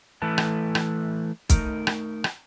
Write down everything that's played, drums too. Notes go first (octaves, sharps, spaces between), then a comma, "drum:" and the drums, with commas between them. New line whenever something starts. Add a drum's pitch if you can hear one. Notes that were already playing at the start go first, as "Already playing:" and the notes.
E3 A3 E4 A4 B4 A5
drum: rim click
drum: rim click
A3 D#4 A#4, drum: kick, hi-hat
drum: rim click
drum: rim click